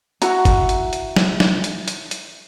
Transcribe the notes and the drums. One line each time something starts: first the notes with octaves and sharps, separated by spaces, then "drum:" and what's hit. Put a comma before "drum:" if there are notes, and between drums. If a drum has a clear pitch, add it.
E4 F#4 F#5 A#5, drum: hi-hat
drum: kick G1, hi-hat
drum: hi-hat
drum: hi-hat
drum: snare
drum: snare
drum: hi-hat
drum: hi-hat
drum: hi-hat